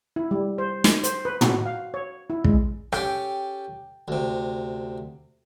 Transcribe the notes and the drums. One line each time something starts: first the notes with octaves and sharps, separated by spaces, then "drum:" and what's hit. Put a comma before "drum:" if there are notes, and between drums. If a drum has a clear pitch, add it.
E4
G3
C5
G#5, drum: snare
C5, drum: hi-hat
B4
F#4, drum: tom
F5
C#5
E4
G#3, drum: kick
C#4 G4 A4 G5, drum: rim click
D2 C3